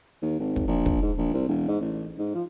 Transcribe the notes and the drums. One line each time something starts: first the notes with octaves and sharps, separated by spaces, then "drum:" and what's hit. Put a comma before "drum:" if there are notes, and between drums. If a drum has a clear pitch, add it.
D#2
G#1
drum: kick
A#1
drum: kick
G#2
A#1
C2
E1
G#2
A1
G#2
F3